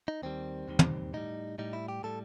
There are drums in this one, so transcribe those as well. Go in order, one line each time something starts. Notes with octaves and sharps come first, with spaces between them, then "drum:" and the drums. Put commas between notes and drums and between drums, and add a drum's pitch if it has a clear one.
D#4
D#2 D#3 G3 C4
D#2 D#3 G3
drum: tom
A2 G3 D#4
A2 G3 D#4
E4
G4
A2 G3 A4